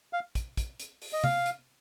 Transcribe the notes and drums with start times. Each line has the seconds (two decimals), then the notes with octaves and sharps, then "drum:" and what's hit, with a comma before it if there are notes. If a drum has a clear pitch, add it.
0.13 F5
0.35 drum: kick, hi-hat
0.57 drum: kick, hi-hat
0.80 drum: hi-hat
1.02 drum: open hi-hat
1.13 D#5
1.24 F5, drum: tom C3
1.46 drum: hi-hat